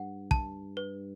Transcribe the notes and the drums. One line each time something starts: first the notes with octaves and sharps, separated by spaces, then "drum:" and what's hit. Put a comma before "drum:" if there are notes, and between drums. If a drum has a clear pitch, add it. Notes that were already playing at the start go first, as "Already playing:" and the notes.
Already playing: G2 F#5
A5, drum: kick
B4